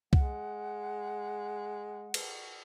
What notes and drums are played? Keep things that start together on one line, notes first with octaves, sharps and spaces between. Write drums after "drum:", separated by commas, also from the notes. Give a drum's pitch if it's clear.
G#3 F#5, drum: kick C2
drum: cymbal